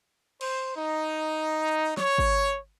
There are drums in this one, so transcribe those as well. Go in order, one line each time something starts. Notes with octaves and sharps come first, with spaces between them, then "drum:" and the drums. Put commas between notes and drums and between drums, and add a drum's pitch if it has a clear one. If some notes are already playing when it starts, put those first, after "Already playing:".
C5, drum: cymbal
D#4
C#5, drum: snare
drum: kick G#1